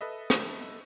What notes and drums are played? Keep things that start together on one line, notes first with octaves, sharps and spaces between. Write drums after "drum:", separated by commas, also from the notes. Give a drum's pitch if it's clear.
A4 B4 D#5 E5
drum: rim click